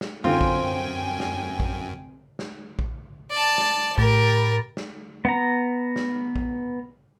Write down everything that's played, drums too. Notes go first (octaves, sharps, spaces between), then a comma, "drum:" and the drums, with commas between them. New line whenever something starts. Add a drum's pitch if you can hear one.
drum: snare
F#2 D3 C4 F4 G5 G#5
drum: kick A#1
drum: snare
drum: kick A#1
drum: snare
drum: kick A#1
D5 A5
drum: snare
A2 G4 A#4 B5 A6, drum: kick A#1
drum: snare
B3 A#5
drum: snare
drum: kick A#1